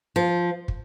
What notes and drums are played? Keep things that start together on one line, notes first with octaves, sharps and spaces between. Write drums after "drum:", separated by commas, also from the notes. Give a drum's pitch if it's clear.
F3
drum: kick